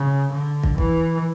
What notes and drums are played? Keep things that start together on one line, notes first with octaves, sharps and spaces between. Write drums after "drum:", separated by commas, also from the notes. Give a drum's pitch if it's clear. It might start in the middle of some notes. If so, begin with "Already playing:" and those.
Already playing: C#3
D3
drum: kick
E3, drum: kick